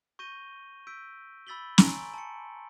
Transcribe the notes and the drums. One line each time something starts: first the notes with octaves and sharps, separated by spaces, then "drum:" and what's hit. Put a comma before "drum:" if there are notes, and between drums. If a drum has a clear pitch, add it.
C#6 G6 A#6 D#7 G7
E6 G6 B6 D7
B5 E6 A6 B6 F#7 G7
G#5 A#5 C6 C#6 D7 F#7, drum: snare
A5 C#7